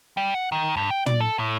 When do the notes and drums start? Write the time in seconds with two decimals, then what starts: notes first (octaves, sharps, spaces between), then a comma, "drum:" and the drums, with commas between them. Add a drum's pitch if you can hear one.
0.17 G3
0.34 F#5
0.52 D#3
0.77 G2
0.90 G5
1.06 D5, drum: tom
1.20 A4
1.39 A2